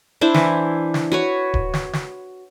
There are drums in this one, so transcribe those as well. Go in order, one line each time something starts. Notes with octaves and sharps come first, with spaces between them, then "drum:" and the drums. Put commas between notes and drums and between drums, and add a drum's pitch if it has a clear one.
D4 E4 C5
E3, drum: snare
drum: snare
F#4 B4 C#5
drum: kick D1
drum: snare
drum: snare